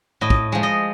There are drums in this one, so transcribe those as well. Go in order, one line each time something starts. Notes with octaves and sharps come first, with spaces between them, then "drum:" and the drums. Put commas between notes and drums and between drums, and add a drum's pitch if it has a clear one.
A2 D#5
drum: kick
F3 G#3
D#5